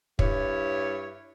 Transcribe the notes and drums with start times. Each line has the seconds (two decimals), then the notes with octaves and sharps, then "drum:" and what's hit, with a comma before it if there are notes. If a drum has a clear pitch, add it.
0.19 G2 E4 C#5, drum: kick